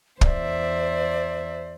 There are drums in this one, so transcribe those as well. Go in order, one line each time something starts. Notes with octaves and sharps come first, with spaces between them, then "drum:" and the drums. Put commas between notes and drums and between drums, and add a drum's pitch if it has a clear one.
E2 C5 D5 E5, drum: kick